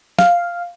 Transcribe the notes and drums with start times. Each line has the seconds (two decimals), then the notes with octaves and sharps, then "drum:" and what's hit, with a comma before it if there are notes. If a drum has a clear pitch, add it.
0.19 F5, drum: snare